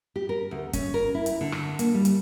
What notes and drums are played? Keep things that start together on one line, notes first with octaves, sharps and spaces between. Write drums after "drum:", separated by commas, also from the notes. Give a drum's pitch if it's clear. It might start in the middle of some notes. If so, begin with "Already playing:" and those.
G4
A#4
D2
C#4, drum: kick, hi-hat
A#4
E4
drum: hi-hat
D3
drum: rim click
A#3, drum: hi-hat
G3
drum: hi-hat